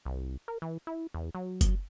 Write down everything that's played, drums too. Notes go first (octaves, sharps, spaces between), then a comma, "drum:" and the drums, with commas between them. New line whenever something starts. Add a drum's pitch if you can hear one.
C2
A#4
E3
E4
E2
F#3
drum: kick F#1, hi-hat